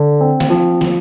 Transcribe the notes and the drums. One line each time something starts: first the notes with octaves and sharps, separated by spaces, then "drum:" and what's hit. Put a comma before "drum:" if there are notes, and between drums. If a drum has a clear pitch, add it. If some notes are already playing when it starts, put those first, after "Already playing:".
Already playing: D3
C4
drum: snare
F3
F3, drum: snare